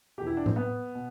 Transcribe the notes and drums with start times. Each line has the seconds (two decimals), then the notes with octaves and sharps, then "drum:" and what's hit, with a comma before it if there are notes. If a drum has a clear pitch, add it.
0.18 E2 B2 G4
0.27 E4
0.37 D4
0.46 C4, drum: tom A2
0.56 B3
0.95 B2